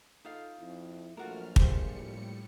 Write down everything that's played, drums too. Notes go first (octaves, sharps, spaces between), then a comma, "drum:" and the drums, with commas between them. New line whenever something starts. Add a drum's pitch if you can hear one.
D#4 F4 A4 F5
F2 E4
A#1 F#3 A3 F4 F#4 A#4 F6
A2 G3 F4 G4 G#4 C5 C#7, drum: kick